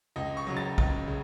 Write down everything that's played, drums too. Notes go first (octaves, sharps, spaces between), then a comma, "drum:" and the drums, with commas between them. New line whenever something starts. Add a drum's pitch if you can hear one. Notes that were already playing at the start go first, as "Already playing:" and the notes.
C#2 D#5
C#6
C#3 F#3
A6
C#2, drum: kick
C#3